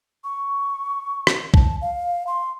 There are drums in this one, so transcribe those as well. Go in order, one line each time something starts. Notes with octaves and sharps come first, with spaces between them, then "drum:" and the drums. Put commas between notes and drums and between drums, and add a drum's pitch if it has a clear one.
C#6
drum: rim click
A5, drum: kick
F5
C6